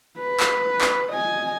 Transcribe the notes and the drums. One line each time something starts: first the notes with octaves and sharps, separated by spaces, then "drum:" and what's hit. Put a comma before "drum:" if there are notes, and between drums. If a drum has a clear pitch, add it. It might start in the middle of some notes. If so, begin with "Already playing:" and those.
B4
drum: clap
drum: clap
D#5 G#5